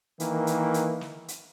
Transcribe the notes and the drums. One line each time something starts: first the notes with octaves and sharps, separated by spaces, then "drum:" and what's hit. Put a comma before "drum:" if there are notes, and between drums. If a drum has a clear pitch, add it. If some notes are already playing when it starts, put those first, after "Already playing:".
D#3 E3 A#3, drum: hi-hat
drum: hi-hat
drum: hi-hat
drum: snare
drum: hi-hat